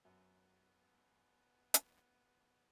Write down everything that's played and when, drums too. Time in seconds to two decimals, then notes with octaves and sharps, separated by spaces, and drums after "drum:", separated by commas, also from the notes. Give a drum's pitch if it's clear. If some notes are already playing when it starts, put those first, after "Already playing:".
0.05 F#2 B3
1.74 drum: hi-hat